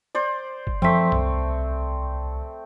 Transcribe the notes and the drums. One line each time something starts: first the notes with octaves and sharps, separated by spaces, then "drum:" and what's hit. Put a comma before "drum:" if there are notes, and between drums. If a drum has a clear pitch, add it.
C5 D5
drum: kick F#1
F3 A3 C4 B6, drum: tom F#2
C2, drum: tom F#2